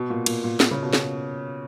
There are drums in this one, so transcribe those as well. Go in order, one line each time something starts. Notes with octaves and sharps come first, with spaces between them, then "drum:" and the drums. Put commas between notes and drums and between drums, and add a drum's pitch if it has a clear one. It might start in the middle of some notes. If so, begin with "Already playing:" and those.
Already playing: B2
A#2
A#2, drum: cymbal
A#2
A#2, drum: snare
C#3
B2
drum: snare